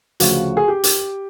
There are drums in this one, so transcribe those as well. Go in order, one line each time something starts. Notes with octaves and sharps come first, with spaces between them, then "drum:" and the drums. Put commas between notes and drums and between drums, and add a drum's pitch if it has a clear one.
D2 C#3 F3 F#4, drum: hi-hat
G#4
G4
drum: hi-hat